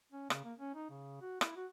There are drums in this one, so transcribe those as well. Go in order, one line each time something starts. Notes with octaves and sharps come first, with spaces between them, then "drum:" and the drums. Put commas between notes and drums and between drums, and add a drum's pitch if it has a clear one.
C#4
C#3, drum: rim click
A#3
C#4
D#4
C#3
F#4
E4, drum: rim click
F#4